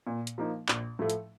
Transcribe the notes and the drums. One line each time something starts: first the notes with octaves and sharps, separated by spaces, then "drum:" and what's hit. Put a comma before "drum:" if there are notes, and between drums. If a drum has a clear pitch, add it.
A#2
drum: hi-hat
F3 A#3 D#4
A#1, drum: clap
A2 F3 A3
drum: hi-hat